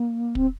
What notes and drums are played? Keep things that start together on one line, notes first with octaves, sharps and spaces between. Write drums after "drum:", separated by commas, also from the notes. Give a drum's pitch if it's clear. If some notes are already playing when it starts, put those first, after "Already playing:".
Already playing: A#3
C4, drum: kick